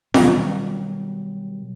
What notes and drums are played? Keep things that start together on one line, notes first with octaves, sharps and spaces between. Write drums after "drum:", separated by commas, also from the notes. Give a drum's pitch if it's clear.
B2 D#3 F#3 G3, drum: snare F4